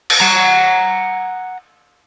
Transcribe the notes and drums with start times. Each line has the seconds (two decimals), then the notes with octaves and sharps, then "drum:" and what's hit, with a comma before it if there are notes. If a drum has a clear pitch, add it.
0.10 drum: cymbal
0.20 F#5 A#5